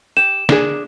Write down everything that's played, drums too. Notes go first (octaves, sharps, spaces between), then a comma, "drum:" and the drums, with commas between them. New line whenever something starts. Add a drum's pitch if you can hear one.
G4 E7
D4 G#4, drum: snare